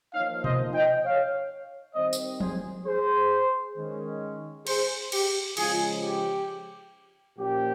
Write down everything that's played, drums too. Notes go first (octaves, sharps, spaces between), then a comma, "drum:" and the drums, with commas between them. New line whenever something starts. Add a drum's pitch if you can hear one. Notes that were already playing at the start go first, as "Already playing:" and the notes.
F3 A#3 D#4 C#5 F5
C5 D#5, drum: tom B2
D#5 G5
C#5 F5
D#3 G3 C4 C5 D#5
drum: tambourine
G#4 C5, drum: tom
G#4 C5
D#3 G#3 C#4
G#4 C5, drum: cymbal
G4, drum: cymbal
C#3 F3 G#3 F4 G#4, drum: cymbal
G4
A#2 F3 A#3 C#4 G4